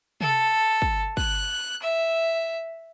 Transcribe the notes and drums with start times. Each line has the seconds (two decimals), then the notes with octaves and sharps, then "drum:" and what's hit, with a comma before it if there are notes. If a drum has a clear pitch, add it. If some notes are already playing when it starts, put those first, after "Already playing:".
0.21 A4, drum: tom C3
0.82 drum: kick
1.17 F#6, drum: kick
1.82 E5